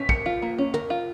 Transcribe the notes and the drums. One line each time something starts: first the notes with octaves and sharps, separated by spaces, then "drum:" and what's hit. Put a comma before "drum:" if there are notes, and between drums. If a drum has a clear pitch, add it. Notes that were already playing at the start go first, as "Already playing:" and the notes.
Already playing: C#4 B6
A#4 C#7, drum: kick
F4
A#3
C#4
A#4, drum: tom
F4